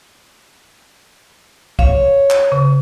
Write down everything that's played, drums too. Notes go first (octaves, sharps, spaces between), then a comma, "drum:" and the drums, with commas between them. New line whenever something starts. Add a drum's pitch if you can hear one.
C#5 F5, drum: kick
drum: clap
C#3